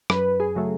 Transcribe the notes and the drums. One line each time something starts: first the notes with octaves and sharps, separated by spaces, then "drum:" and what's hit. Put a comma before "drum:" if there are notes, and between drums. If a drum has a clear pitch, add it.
F#2 B4, drum: rim click
G#4
C#3 F#3 A3